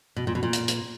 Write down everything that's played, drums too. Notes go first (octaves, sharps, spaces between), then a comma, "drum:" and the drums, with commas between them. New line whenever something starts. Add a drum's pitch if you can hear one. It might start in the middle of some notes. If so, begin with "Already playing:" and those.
B2
A#2
B2
A#2
drum: hi-hat
drum: hi-hat